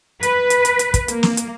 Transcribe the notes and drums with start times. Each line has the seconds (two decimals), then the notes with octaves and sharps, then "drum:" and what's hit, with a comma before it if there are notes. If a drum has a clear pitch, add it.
0.23 B4, drum: hi-hat
0.50 drum: hi-hat
0.65 drum: hi-hat
0.79 drum: hi-hat
0.94 drum: kick, hi-hat
1.08 A#3, drum: hi-hat
1.23 drum: snare
1.37 drum: hi-hat